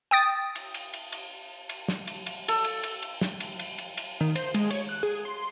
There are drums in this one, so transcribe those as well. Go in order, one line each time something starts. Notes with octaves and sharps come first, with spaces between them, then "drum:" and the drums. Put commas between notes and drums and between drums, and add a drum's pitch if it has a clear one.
G5 D#6 A6
drum: cymbal
drum: cymbal
drum: cymbal
drum: cymbal
drum: cymbal
drum: snare
drum: cymbal
drum: cymbal
A4, drum: cymbal
drum: cymbal
drum: cymbal
drum: cymbal
drum: snare
drum: cymbal
drum: cymbal
drum: cymbal
drum: cymbal
D#3
C5, drum: cymbal
G#3, drum: cymbal
C#5, drum: cymbal
F#6
G#4
C6